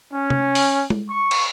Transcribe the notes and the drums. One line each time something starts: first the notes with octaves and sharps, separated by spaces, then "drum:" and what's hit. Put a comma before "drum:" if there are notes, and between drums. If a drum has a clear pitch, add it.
C#4
drum: tom C3
drum: open hi-hat
drum: tom G#3
C#6
drum: cymbal